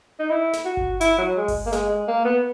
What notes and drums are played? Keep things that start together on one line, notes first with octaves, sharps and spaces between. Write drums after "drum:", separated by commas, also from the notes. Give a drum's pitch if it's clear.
D#4
E4
drum: snare
F#4
drum: kick G1
E4, drum: hi-hat
F#3
G#3
drum: kick G1, open hi-hat
A#3
G#3, drum: snare
G#3
A#3
B3